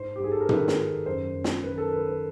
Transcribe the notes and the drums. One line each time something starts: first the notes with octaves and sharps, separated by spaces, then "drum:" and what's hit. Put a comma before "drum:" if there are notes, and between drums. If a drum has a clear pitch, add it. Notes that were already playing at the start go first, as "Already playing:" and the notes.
Already playing: G#2 C5
G4
G#2 G#4
A4
A#4
D#3 B4, drum: tom
drum: snare
D#3
F#2 C5
F#2
drum: snare
D#3 B4
A#4
A4
D#3 B4
B4